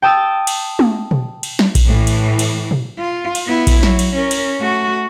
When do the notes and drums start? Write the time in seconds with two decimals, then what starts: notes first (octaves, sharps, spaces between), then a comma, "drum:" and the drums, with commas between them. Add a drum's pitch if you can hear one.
0.02 G5 A5 D#6 E6 A6
0.47 drum: cymbal
0.79 drum: tom
1.11 drum: tom
1.43 drum: cymbal
1.59 drum: snare
1.75 drum: kick A#1, cymbal
1.85 A2 E3
2.07 drum: cymbal
2.39 drum: cymbal
2.71 drum: tom
2.99 F4
3.35 drum: cymbal
3.47 B3 E4
3.67 drum: kick A#1, cymbal
3.83 F#3, drum: snare
3.99 drum: cymbal
4.15 C#4 A#4
4.31 drum: cymbal
4.60 A3 F#4